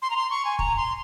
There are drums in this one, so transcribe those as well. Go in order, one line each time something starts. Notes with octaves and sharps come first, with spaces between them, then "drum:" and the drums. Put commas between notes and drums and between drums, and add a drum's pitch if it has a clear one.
C6
A#5
C6
C#6
G#5
A#5, drum: kick
C6